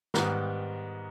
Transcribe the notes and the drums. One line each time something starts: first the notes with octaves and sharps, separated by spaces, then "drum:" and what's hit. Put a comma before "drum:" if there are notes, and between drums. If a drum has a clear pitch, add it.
G#2 D#3 G3 B3, drum: snare